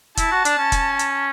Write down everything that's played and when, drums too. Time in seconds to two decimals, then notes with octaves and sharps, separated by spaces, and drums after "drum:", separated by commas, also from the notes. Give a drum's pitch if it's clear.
0.17 E4 A5, drum: kick F1, hi-hat
0.31 F#4
0.45 D4, drum: hi-hat
0.58 C#4
0.72 drum: kick F1, hi-hat
0.99 drum: hi-hat